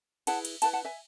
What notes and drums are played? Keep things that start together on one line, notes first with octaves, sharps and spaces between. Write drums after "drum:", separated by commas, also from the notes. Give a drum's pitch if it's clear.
E4 G#4 B4 F#5 A5, drum: cymbal
drum: cymbal
E4 G#4 B4 F#5 A5, drum: cymbal
F#5 A5
E5 G#5